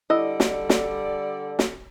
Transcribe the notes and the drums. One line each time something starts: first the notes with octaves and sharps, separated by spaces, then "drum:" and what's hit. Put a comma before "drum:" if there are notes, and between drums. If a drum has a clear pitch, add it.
D3 G3 E4 A4 D5 D#5 D#6 E6
drum: snare
drum: snare
drum: snare